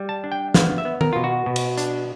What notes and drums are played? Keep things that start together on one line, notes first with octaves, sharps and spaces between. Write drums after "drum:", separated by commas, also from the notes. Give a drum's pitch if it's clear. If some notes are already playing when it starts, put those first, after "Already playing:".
Already playing: G3
A5
D4
G5
B3 F5, drum: snare
E5
B3
A#4, drum: tom D#3
B2 F4
F#4
B2
drum: cymbal
D4, drum: hi-hat